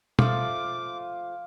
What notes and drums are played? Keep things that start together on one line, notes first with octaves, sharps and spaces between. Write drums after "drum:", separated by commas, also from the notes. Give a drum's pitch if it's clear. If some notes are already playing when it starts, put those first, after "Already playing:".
F3 A3 F4 D6, drum: tom